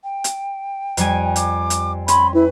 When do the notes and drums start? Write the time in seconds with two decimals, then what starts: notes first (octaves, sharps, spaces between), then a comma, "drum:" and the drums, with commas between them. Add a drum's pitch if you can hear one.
0.04 G5
0.24 drum: hi-hat
0.97 F2 G3 G#5, drum: hi-hat
1.36 D6, drum: hi-hat
1.70 drum: hi-hat
2.08 C#4 B5 C6, drum: hi-hat
2.34 E4 B4